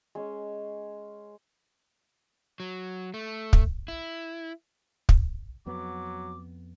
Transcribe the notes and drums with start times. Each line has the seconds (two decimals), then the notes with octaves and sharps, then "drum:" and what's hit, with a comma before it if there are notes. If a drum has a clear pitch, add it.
0.15 G#3 C#4
2.60 F#3
3.14 A3
3.53 drum: kick
3.88 E4
5.09 drum: kick
5.67 F2 F#3 B3 D6